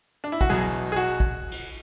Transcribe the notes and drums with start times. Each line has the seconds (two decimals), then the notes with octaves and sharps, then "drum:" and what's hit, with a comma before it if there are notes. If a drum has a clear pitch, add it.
0.24 D4
0.32 E4
0.41 F#4, drum: kick A1
0.49 E2 B2 F#3 G#4
0.92 G#4
0.96 F#4
1.20 drum: kick A1
1.51 drum: cymbal